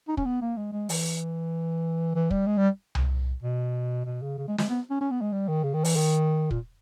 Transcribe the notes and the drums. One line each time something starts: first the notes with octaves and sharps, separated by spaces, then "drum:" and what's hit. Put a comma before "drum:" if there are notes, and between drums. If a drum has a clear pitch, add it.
D#4
C#4, drum: kick
B3
A#3
G#3
G#3
E3, drum: open hi-hat
E3
G3, drum: kick
G#3
G3
drum: tom C2
B2
B2
C#3
C#3
G#3
G#3, drum: snare
B3
C#4
C#4
B3
G#3
G3
D#3
C#3
D#3
E3, drum: open hi-hat
D#3
A#2, drum: kick